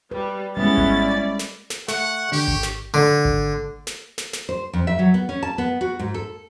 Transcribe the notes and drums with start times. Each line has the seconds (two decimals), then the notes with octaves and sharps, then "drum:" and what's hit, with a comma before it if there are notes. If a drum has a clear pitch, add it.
0.11 G3 B4
0.57 G3 G#3 B3 C#4 E4 A6
0.77 drum: kick G#1
0.99 D5
1.39 drum: snare
1.70 drum: snare
1.88 A3 F#5 C#6, drum: snare
2.32 D3 G4
2.48 drum: kick G#1
2.63 drum: snare
2.94 D3
3.25 drum: kick G#1
3.87 drum: snare
4.18 drum: snare
4.33 drum: snare
4.49 C5
4.73 F2
4.87 E5
4.99 F#3
5.14 B3
5.29 C#4
5.43 A5
5.58 B3
5.81 F#4
5.99 G#2
6.14 A4